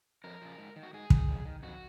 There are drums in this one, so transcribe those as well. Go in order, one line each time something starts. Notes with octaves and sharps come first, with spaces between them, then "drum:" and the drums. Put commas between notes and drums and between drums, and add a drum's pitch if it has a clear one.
F2 A#4
C#3 F3
G#2
D#3
F#4
G#2 G#4
D#3, drum: kick
F2
D#3
F2 F#4